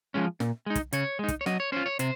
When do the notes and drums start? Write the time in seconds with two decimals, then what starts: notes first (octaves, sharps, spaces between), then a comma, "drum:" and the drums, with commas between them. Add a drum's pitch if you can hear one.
0.14 F3 G#3 C#4
0.40 A#2, drum: snare
0.66 G#3 D#4
0.75 drum: kick, hi-hat
0.93 C#3 C#5, drum: hi-hat
1.19 G#3 D#4
1.28 drum: kick, hi-hat
1.41 C#5
1.46 F#3 D#5, drum: snare
1.60 C#5
1.72 C#4 F4 C5
1.86 C#5
1.99 C3 C5, drum: hi-hat